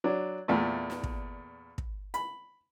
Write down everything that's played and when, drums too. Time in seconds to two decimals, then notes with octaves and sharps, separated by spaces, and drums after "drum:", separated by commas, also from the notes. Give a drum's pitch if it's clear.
0.04 F#3 D4
0.48 E2 A#2 A3
0.90 drum: snare
1.04 drum: kick
1.78 drum: kick
2.14 B5, drum: hi-hat